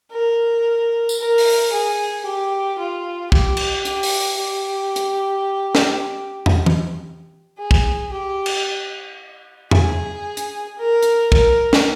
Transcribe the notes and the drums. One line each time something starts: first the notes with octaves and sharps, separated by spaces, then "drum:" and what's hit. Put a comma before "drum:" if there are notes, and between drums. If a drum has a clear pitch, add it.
A#4
drum: tambourine
A#4
drum: open hi-hat
G#4
G4
F4
G4, drum: kick
drum: cymbal
G4, drum: hi-hat
drum: open hi-hat
G4
drum: hi-hat
drum: snare
drum: tom
drum: tom E3
G#4
drum: kick
G4
drum: cymbal
G#4, drum: tom
drum: hi-hat
A#4
drum: hi-hat
A#4, drum: kick
drum: snare